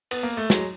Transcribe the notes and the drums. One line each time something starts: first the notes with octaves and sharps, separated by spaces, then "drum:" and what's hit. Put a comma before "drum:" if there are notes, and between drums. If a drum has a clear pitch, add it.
B3, drum: cymbal
A#3
A3
F#3 G#3, drum: snare